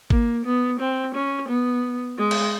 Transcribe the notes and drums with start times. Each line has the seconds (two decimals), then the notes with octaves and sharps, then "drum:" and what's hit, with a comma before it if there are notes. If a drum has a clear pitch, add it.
0.10 A#3, drum: kick
0.46 B3
0.79 C4
1.14 C#4
1.48 B3
2.19 G#3
2.31 drum: cymbal